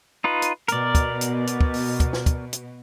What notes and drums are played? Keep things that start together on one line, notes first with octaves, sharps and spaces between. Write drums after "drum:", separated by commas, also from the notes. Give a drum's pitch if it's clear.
D#4 F4 B4
drum: hi-hat
B2 A#4 D5, drum: hi-hat
drum: kick, hi-hat
drum: hi-hat
drum: hi-hat
drum: kick
drum: open hi-hat
drum: kick, hi-hat
drum: snare
drum: kick, hi-hat
drum: hi-hat